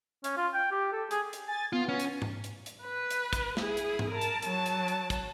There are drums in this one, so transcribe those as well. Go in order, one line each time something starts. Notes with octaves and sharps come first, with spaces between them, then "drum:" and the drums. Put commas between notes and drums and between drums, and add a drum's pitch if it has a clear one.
C#4, drum: hi-hat
F4
G5
G4
A4
G#4, drum: hi-hat
drum: hi-hat
G#5 A6
B3 F4
C#4
drum: hi-hat
drum: tom G#2
drum: hi-hat
drum: hi-hat
B4
drum: hi-hat
drum: kick, hi-hat
E4 G#4, drum: snare
drum: hi-hat
drum: tom G#2
A#4 A5
drum: hi-hat
F#3 A5, drum: hi-hat
drum: hi-hat
drum: hi-hat
drum: kick, hi-hat